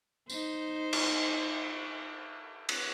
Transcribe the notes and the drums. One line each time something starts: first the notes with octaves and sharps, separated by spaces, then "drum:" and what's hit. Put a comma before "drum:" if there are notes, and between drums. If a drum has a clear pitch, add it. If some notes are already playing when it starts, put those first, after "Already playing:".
D#4 C5, drum: tambourine
drum: cymbal
drum: cymbal